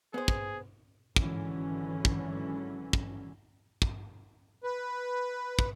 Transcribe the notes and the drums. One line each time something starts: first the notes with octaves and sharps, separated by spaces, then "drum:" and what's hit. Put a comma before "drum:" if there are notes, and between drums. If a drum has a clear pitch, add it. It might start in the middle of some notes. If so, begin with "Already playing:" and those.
B3 G#4 C5
drum: kick
G#1 D3 E3 F#3 C#4, drum: kick
drum: kick
drum: kick
drum: kick
B4
drum: kick